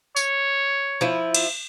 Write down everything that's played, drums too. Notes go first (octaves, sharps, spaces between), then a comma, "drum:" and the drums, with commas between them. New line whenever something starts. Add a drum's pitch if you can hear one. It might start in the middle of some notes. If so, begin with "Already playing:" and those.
C#5, drum: tambourine
F3 E4
drum: cymbal